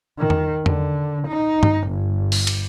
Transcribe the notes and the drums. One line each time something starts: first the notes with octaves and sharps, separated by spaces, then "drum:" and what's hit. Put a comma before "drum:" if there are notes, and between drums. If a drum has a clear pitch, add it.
D#3
drum: tom E2
D3, drum: tom E2
D#4
drum: tom G2
G1
drum: open hi-hat
drum: cymbal